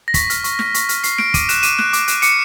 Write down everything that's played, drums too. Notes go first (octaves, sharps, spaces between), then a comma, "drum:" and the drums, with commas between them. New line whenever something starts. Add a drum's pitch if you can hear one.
A#6
C#6 B6, drum: kick, hi-hat
F6, drum: hi-hat
C#6, drum: hi-hat
F6, drum: snare
C#6, drum: hi-hat
F6, drum: hi-hat
C#6 C7, drum: hi-hat
F6 D7, drum: snare
D6 D#7, drum: kick, hi-hat
F#6 E7, drum: hi-hat
D6 D#7, drum: hi-hat
F#6, drum: snare
D6, drum: hi-hat
F#6, drum: hi-hat
D6 C#7, drum: hi-hat